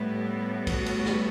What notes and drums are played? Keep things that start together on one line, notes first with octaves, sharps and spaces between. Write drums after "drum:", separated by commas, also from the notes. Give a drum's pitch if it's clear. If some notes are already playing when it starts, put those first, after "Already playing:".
Already playing: A2 G3 B3 E4
F#4, drum: kick, cymbal
drum: cymbal
drum: snare